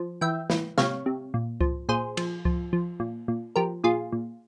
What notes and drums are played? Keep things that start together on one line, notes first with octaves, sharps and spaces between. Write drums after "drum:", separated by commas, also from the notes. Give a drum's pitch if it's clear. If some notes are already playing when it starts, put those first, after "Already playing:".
Already playing: F3
E3 E5 G5
E3, drum: snare
C3 C#5 F5, drum: snare
C3
A#2
F3, drum: kick C#2
A#2 G#4 C5
F3, drum: cymbal
F3, drum: kick C#2
F3
A#2
A#2
F3 G4 A#4
A#2 F4 G#4
A#2